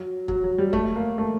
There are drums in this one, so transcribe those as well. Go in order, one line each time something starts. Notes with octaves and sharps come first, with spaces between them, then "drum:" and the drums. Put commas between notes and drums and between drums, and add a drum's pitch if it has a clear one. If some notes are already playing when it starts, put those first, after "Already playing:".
Already playing: F#3
F#3, drum: kick E1
F#3
G3
A3, drum: kick E1
A#3
A3